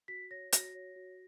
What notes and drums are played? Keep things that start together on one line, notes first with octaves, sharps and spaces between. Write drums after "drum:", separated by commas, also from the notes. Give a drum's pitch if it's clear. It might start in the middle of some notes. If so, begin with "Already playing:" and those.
F#4 B6
C#5 A#6
F#4 A#6, drum: hi-hat
C#5
F#4